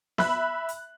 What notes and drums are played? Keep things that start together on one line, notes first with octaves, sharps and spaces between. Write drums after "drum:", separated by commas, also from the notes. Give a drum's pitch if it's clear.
E5 B5 F#6, drum: snare B3
drum: hi-hat